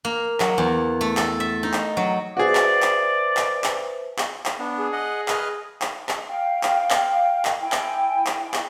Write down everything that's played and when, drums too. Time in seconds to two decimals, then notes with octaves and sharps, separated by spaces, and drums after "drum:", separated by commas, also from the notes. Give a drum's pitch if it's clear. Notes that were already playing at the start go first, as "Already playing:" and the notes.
0.05 A#3
0.40 F#3, drum: clap
0.58 E2
1.01 A3
1.17 A4, drum: clap
1.40 E5
1.63 D#4
1.73 drum: clap
1.97 F#3
2.37 F#4 G#4 B4 C5 D5 E5
2.55 drum: clap
2.82 drum: clap
3.37 drum: clap
3.64 drum: clap
4.18 drum: clap
4.46 drum: clap
4.59 B3 D4
4.79 G#4
4.92 D#5 F#5
5.28 B4 D#5 F6, drum: clap
5.82 drum: clap
6.09 drum: clap
6.28 F5 G5
6.63 drum: clap
6.90 drum: clap
7.45 drum: clap
7.60 E4 G5 G#5
7.72 drum: clap
8.26 drum: clap
8.54 drum: clap